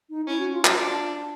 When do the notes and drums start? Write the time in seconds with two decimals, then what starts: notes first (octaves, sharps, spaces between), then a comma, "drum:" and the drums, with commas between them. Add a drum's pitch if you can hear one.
0.10 D#4
0.27 C#4 E4
0.39 F#4
0.52 F4
0.65 F#4, drum: clap
0.77 D4 F4